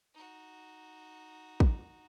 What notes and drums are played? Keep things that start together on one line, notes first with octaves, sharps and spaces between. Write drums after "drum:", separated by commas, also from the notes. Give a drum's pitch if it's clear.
D#4 F#4
drum: kick